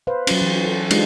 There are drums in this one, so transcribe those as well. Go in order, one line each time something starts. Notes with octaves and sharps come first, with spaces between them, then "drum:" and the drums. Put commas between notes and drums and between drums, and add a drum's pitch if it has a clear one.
B4 C5 F5
F#3 C#4, drum: cymbal
E3
A4
G#3 D4 D#4 F4 G4, drum: cymbal